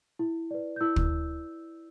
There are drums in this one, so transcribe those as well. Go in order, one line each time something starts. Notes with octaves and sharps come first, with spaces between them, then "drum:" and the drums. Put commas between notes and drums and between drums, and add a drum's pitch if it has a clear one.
E4
B4 D5
G6
E4 E6
drum: kick